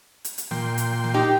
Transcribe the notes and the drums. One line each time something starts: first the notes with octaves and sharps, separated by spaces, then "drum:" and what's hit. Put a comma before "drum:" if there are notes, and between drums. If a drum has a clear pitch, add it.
drum: hi-hat
drum: hi-hat
A#2 G5 C6, drum: snare
drum: hi-hat
drum: snare
D#4 G4